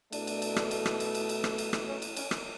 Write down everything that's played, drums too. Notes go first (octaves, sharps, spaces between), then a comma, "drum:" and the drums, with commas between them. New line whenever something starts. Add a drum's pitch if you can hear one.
B2 A3 D4, drum: cymbal
drum: cymbal
drum: cymbal
drum: rim click
drum: cymbal
drum: rim click
drum: cymbal
drum: cymbal
drum: cymbal
drum: rim click
drum: cymbal
drum: rim click
C#4
drum: cymbal
C#4, drum: cymbal
drum: rim click